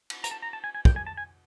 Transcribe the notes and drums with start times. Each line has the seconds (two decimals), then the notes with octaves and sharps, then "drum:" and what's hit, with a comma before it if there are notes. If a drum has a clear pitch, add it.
0.10 drum: cymbal
0.24 A#5, drum: hi-hat
0.31 A5
0.42 A#5
0.53 A5
0.64 G#5
0.75 G#5
0.85 G5, drum: kick
0.96 G#5
1.06 A5
1.17 G#5